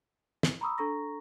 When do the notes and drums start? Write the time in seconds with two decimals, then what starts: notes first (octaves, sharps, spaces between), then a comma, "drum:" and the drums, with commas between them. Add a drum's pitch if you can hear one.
0.43 drum: snare
0.61 A#5 B5 C#6 D#6 E6
0.78 D4 A4 A#5 C#6 A#6